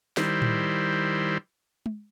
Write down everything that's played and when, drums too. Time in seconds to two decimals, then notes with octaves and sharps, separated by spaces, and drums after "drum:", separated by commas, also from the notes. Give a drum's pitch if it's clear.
0.17 D#3 G3 E4 C5, drum: snare
0.42 drum: tom A2
1.86 drum: tom G#3